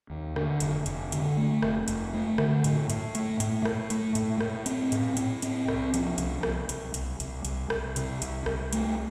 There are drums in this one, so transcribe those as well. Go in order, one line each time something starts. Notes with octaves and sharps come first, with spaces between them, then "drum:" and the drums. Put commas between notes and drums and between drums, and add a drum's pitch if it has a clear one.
D#2
D3, drum: rim click
F1, drum: hi-hat
F1, drum: hi-hat
D3, drum: hi-hat
A3
F1, drum: rim click
F1, drum: hi-hat
A3
D3, drum: rim click
A2, drum: hi-hat
A2, drum: hi-hat
A3, drum: hi-hat
A2, drum: hi-hat
A2, drum: rim click
A3, drum: hi-hat
A2, drum: hi-hat
A2, drum: rim click
C4, drum: hi-hat
A2, drum: hi-hat
A2, drum: hi-hat
C4, drum: hi-hat
C2, drum: rim click
F3, drum: hi-hat
C2, drum: hi-hat
C2, drum: rim click
C2, drum: hi-hat
C2, drum: hi-hat
C2, drum: hi-hat
C2, drum: hi-hat
C2, drum: rim click
C3, drum: hi-hat
C2, drum: hi-hat
C2, drum: rim click
A3, drum: hi-hat